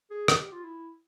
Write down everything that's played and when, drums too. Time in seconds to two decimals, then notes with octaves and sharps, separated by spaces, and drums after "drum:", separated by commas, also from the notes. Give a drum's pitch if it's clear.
0.11 G#4
0.28 G4, drum: rim click
0.40 G4
0.52 F4
0.64 E4